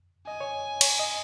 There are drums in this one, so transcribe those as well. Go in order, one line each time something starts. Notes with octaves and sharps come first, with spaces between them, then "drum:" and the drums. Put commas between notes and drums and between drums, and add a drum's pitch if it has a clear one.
D#5 G#5
C#5
C#5, drum: cymbal
D#5